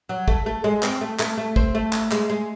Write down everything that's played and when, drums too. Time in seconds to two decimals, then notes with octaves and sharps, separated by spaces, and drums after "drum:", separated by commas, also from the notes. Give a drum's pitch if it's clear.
0.09 F#3
0.28 A3, drum: kick
0.46 A3
0.64 G#3
0.83 C4, drum: clap
1.01 A3
1.19 A3, drum: clap
1.38 A3
1.56 C4, drum: kick
1.75 A3
1.93 drum: clap
2.12 G#3, drum: clap
2.30 G#3